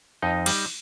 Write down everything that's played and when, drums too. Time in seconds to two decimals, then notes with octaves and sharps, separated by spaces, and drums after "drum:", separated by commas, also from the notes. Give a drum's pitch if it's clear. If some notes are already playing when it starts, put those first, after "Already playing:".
0.22 F2 D#4 D#5
0.46 G3, drum: cymbal